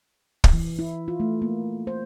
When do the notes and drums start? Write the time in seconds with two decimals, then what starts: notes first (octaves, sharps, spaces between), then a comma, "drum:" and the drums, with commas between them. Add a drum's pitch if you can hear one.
0.44 drum: kick
0.53 E3
0.79 E4
1.08 F4
1.20 A3
1.42 A#3
1.87 C5